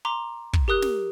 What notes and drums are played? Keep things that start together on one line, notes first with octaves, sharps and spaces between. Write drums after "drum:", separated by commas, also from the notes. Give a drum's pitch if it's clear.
A#5 C6 D6
drum: kick
G4 A#4 D#6 F#6
drum: snare